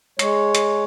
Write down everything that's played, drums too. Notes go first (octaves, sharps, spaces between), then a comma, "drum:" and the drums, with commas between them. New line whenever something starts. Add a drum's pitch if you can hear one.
G#3 C#5, drum: hi-hat
drum: hi-hat